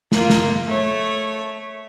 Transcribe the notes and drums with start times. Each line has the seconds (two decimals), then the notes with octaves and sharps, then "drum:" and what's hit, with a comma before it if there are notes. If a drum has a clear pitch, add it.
0.12 A#3 F4, drum: snare
0.30 drum: snare
0.65 A3 C#5